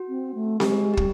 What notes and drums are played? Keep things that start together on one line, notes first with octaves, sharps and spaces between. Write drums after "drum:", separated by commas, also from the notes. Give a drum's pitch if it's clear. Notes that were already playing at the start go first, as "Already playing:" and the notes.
Already playing: F#4
C4
A3
G#3 G4, drum: snare C4
G4
G3, drum: kick